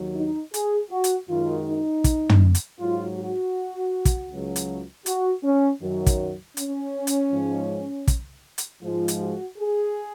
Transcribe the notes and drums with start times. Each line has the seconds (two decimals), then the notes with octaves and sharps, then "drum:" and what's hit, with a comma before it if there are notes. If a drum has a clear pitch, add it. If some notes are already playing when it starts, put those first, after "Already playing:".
Already playing: D#2 D#3 F#3
0.16 D#4
0.54 G#4, drum: hi-hat
0.91 F#4
1.04 drum: hi-hat
1.29 F#2 D#3 G#3 F4
1.67 D#4
2.04 drum: kick, hi-hat
2.29 drum: tom
2.55 drum: hi-hat
2.80 G#2 F#3 F4
3.17 F#4
4.05 drum: kick, hi-hat
4.31 C#2 C#3 F#3
4.56 drum: hi-hat
5.06 F#4, drum: hi-hat
5.44 C#4
5.81 F#2 D#3 F#3
6.06 drum: kick, hi-hat
6.57 C#4, drum: hi-hat
7.07 drum: hi-hat
7.32 G#2 F3 G#3
8.07 drum: kick, hi-hat
8.58 drum: hi-hat
8.83 G#2 F3 G#3 F4
9.08 drum: hi-hat
9.21 F#4
9.58 G#4